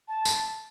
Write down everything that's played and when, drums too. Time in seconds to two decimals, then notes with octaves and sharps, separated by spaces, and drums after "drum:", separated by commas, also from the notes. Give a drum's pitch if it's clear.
0.08 A5
0.25 drum: tambourine